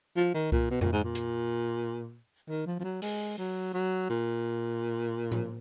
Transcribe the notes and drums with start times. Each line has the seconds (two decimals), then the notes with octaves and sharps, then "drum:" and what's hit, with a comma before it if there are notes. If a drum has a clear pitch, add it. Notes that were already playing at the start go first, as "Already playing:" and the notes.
0.16 F3
0.34 D#3
0.52 A#2, drum: kick C2
0.70 B2
0.81 A#2, drum: tom F2
0.92 G#2
1.04 A#2
1.15 drum: hi-hat
2.49 D#3
2.66 F3
2.80 F3
2.84 F#3
3.02 G#3, drum: open hi-hat
3.38 F#3
3.73 F#3
4.10 A#2
5.32 drum: tom A2